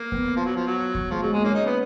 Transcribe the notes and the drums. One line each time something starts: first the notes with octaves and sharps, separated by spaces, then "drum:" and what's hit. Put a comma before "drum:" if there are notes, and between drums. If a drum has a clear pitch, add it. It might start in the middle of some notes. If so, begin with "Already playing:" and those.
Already playing: A#3
B3, drum: kick D#2
F3
F#3
F3
F#3
drum: kick D#2
F3 G#3
F#3 G#3
G#3 A#3
A#3 C#4
D#4
B3